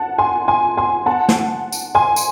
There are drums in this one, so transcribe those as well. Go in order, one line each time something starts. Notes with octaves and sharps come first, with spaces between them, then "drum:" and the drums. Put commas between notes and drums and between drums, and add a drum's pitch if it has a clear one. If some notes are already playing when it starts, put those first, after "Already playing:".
Already playing: F#5 A5
G#5 C6
G#5 C6
G#5 C6
F#5 A5
drum: snare
drum: tambourine
G#5 C6
drum: tambourine